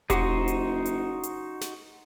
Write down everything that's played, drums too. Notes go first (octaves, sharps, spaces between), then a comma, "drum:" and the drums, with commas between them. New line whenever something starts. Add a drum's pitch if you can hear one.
F#1 D#4 F#4 G4 C5 F#5, drum: kick E1, hi-hat
drum: hi-hat
drum: hi-hat
drum: hi-hat
drum: snare